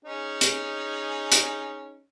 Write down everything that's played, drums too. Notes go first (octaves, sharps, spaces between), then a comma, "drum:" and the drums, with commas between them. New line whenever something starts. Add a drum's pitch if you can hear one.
C#4 D#4 G#4
drum: hi-hat
drum: hi-hat